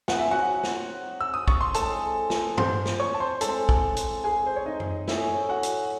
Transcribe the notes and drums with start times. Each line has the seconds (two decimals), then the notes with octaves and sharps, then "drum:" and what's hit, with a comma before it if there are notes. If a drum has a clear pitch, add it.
0.08 F#3 C4 D#4 G#4 F#5, drum: snare
0.19 E5
0.31 F#4 F#5
0.63 drum: snare
1.21 E6
1.34 D#6
1.48 C#6, drum: kick
1.61 C6
1.74 A2 G#3 C4 A4 A5, drum: hi-hat
2.30 drum: snare
2.58 C5 C6, drum: tom
2.86 drum: snare
2.99 C#5 C#6
3.14 A5
3.20 C5 C6
3.41 A2 G#3 C4 A4 A5, drum: hi-hat
3.69 drum: kick
3.97 drum: hi-hat
4.24 G#4 G#5
4.46 C5
4.56 C#5
4.66 D#4 D#5
4.80 drum: tom F#2
5.08 A2 F#3 C#4 E4 G#4 E5, drum: snare
5.49 F#4 F#5
5.63 drum: hi-hat